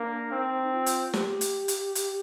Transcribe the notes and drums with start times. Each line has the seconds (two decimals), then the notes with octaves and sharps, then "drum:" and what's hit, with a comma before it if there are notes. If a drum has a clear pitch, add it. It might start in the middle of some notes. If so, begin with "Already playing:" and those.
Already playing: A#3 D4
0.32 C4 D#4
0.63 D#4
0.73 F4
0.86 drum: hi-hat
1.13 G4, drum: snare
1.41 drum: hi-hat
1.68 drum: hi-hat
1.95 drum: hi-hat